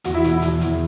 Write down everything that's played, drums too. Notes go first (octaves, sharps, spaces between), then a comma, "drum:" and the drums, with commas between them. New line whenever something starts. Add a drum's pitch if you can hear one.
E2 F#4, drum: hi-hat
E4
B2, drum: hi-hat
E4
E2, drum: hi-hat
E2, drum: hi-hat